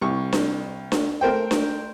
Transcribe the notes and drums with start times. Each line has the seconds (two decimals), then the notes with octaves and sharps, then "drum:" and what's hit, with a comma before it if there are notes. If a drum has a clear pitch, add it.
0.01 C2 C#6
0.33 drum: snare D4
0.92 drum: snare D4
1.21 A3 A#4 C5 G5
1.51 drum: snare D4